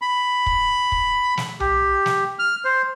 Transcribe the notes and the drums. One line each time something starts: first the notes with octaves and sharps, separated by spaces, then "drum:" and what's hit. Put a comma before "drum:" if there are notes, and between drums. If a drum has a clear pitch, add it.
B5
drum: kick
drum: kick
drum: snare
G4, drum: tom B1
drum: snare
F6
C5